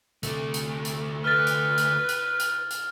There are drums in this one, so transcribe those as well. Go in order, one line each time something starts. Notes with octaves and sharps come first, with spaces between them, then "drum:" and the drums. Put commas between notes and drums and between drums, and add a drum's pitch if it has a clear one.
D2 C3 A3, drum: hi-hat
drum: hi-hat
drum: hi-hat
B4 F6 A6
drum: hi-hat
drum: hi-hat
drum: hi-hat
drum: hi-hat
drum: hi-hat